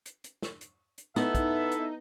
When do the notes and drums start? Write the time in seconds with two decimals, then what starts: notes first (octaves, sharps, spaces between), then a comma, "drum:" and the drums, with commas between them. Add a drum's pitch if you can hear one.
0.06 drum: hi-hat
0.24 drum: hi-hat
0.42 drum: snare
0.61 drum: hi-hat
0.98 drum: hi-hat
1.16 B3 D#4 E4 A4 E5, drum: snare
1.35 drum: kick, hi-hat
1.71 drum: hi-hat